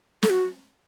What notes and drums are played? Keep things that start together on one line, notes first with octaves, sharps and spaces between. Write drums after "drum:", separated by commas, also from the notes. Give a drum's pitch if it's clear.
A4, drum: snare
F#4